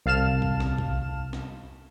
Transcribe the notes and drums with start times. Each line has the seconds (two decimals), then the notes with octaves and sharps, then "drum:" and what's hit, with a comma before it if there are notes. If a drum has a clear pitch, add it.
0.06 C2 F5 A5 F6 E7
0.42 drum: kick
0.60 drum: snare
0.78 drum: kick
1.33 drum: snare